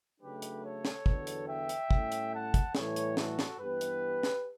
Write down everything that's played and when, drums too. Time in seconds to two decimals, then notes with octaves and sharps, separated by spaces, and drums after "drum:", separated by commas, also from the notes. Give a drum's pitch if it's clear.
0.21 C#3 F#3 A3 D4 G4 B4
0.42 drum: hi-hat
0.63 A4 C#5
0.85 drum: snare
1.06 E2 D3 F#3 B3, drum: kick
1.27 drum: hi-hat
1.48 E5 G5
1.69 drum: hi-hat
1.91 A2 G3 C#4, drum: kick
2.12 drum: hi-hat
2.33 F#5 A5
2.54 drum: kick, hi-hat
2.75 A2 E3 G3 A4 C#5, drum: snare
2.96 drum: hi-hat
3.17 F#4 A4, drum: snare
3.39 drum: snare
3.59 G2 E3 B3 G4 B4
3.81 drum: hi-hat
4.23 drum: snare